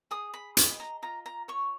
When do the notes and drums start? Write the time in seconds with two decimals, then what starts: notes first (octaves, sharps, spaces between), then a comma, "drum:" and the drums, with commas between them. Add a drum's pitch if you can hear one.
0.11 G#4 D#6
0.34 B5
0.57 D#5 B5, drum: hi-hat
0.80 A#5
1.02 F4 A#5
1.26 A#5
1.48 C#5 C#6